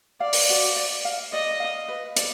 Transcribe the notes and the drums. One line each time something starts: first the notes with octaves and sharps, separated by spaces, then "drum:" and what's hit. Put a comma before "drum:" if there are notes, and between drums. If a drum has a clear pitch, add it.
D5 F5
drum: open hi-hat
F#4
D5
F5
D5 D#5
F5
B4
D5, drum: hi-hat